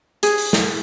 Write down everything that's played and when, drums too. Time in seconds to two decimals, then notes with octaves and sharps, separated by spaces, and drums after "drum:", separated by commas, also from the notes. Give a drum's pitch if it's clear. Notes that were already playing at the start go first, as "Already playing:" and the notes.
0.23 G#4, drum: hi-hat
0.38 drum: open hi-hat
0.53 drum: snare